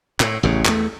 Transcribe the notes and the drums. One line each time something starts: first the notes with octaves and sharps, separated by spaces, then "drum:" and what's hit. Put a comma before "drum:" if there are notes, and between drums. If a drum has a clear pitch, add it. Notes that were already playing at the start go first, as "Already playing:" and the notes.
A2, drum: clap
A1 E2 C#3
E2 C#3 A3, drum: clap